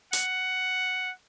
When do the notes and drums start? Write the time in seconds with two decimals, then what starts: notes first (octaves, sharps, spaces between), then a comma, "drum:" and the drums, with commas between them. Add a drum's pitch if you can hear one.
0.13 F#5, drum: hi-hat